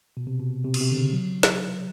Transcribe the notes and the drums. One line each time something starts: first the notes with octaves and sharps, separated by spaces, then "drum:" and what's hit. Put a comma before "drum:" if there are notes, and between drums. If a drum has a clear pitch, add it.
B2
C3
B2
C3
B2, drum: cymbal
C3
D3
C#3
F#3
drum: snare